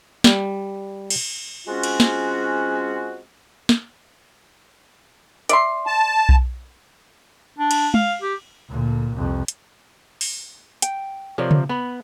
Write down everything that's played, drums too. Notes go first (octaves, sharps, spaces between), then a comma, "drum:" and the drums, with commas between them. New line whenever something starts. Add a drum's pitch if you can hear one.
G3, drum: snare
drum: cymbal
G#3 C4 C#4 F4 F#4
drum: cymbal
drum: snare
drum: snare
D5 E5 C6, drum: hi-hat
A5
drum: kick B1
D4
drum: cymbal
F5, drum: tom
G4
D2 A#2
C2 F2
drum: hi-hat
drum: open hi-hat
G5, drum: hi-hat
C3 F3 A#4 C#5 D5
drum: tom C#3
B3 B5